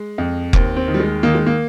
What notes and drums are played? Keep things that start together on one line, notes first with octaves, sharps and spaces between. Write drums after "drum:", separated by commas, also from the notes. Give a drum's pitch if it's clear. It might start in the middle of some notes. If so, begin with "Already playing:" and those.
Already playing: G#3
F2
D#2 C4, drum: kick F1
C4
D#3
G3
G#3
D#3 A#3
G#3
A#3